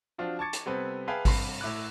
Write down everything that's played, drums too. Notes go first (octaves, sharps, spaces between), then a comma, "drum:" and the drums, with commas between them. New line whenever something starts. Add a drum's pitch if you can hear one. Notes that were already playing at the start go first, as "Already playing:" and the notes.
F3 C4 D4 F4 F#4
A5 C#6 D6 G#6 A6 C#7
drum: hi-hat
C3 G3 B3 C4 A4 B4
G#4 B4 E5 F5 G5 A5
G2 C3 B5 C7, drum: kick G#1, open hi-hat
A2 E4 D6 F#6